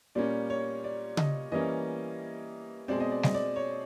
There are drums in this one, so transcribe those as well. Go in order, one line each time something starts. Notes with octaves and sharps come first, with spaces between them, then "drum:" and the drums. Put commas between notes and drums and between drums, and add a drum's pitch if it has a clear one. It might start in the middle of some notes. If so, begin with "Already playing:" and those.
A#2 G3 A#3 C#4 D5
C#5
D5
D#5, drum: tom C#3
E3 G3 A#3 C#4 D#5
B2 G#3 C4 D5
D#5
D5
D#5, drum: snare
D5
C#5